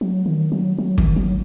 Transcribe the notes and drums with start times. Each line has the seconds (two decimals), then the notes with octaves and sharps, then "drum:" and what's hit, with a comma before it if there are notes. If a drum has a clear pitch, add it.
0.01 F#3
0.26 D#3
0.52 F#3
0.78 F#3
0.98 D#3, drum: kick
1.16 F#3